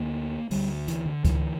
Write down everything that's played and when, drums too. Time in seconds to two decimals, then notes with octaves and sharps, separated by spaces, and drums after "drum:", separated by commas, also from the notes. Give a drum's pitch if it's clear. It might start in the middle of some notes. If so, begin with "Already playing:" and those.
Already playing: D2 D3 A#3
0.51 D2 D3 G3, drum: open hi-hat
0.88 E3, drum: hi-hat
1.06 D3
1.25 D2 D3 E3, drum: kick C#2, hi-hat